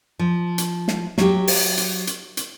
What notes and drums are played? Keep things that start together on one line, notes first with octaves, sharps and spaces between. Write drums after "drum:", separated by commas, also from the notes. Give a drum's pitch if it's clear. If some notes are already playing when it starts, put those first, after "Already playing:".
F3
drum: hi-hat
drum: snare
F#3 G4, drum: snare
drum: open hi-hat
drum: hi-hat
drum: hi-hat
drum: hi-hat